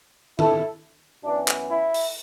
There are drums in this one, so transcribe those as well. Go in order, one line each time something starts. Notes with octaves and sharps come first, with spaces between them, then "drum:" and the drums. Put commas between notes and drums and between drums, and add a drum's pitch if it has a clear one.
E4 A4, drum: tom
F#2 E3 B3 D4
drum: clap
E4
drum: open hi-hat